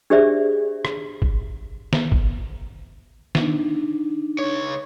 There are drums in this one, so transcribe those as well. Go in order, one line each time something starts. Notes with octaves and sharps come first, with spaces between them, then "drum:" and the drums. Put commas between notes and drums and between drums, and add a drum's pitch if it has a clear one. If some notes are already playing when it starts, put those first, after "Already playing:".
D4 G4 G#4 C5 D5 E5
drum: rim click
drum: kick G1
drum: snare
drum: kick G1
D4 D#4, drum: snare
C#2 C#5